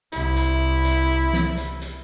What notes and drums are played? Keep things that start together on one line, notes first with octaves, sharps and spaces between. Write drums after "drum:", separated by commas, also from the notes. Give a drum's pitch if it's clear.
C2 E4, drum: hi-hat
drum: hi-hat
drum: hi-hat
drum: snare
drum: hi-hat
drum: hi-hat